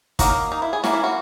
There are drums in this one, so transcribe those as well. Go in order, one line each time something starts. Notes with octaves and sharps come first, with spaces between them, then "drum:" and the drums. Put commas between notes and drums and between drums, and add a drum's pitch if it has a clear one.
F#3 A#3 D#4 F#4, drum: kick, hi-hat
A#4
D#4
E4
G#4
E3 A#3 C#4 F#4, drum: snare
E4
F#4